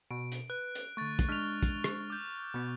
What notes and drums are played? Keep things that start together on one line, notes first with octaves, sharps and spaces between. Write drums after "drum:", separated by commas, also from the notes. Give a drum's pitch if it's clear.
B2 D7
drum: hi-hat
B4 F#6
drum: hi-hat
D3 A3 C#6 A6
drum: kick, hi-hat
G#3 D4 F6 F7
drum: kick, hi-hat
drum: rim click
D6 G6
B2 B3